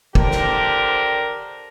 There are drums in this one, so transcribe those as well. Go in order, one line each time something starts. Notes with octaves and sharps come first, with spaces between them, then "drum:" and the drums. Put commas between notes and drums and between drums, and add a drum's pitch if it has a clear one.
D3 D4 G4 A#4 C5, drum: kick
drum: snare